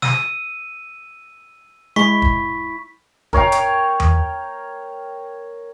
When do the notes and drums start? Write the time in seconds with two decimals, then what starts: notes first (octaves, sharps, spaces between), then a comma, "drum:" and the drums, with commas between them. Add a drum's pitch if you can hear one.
0.02 E6 D#7, drum: snare
1.96 G#3 E4 C#6 B6
2.22 drum: kick
3.33 A#4 C#5 F5 G5, drum: kick
3.52 drum: hi-hat
4.00 drum: tom E2